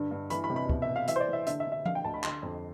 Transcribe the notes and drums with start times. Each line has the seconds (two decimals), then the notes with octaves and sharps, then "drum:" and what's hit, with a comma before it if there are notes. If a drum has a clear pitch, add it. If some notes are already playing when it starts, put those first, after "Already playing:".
Already playing: G2 D3
0.11 G2
0.30 E3 B5, drum: hi-hat
0.44 B5
0.50 C3
0.56 B5
0.70 B2, drum: kick
0.82 E5
0.88 B2
0.96 F5
1.08 E3 E5, drum: hi-hat
1.16 C5
1.20 D5
1.28 E3
1.33 E5
1.47 D3 E5, drum: hi-hat
1.60 E5
1.66 D3
1.72 E5
1.86 D3 F5, drum: tom F3
1.95 G5
2.04 D2 A5
2.14 B5
2.23 D3 C6, drum: clap
2.43 F2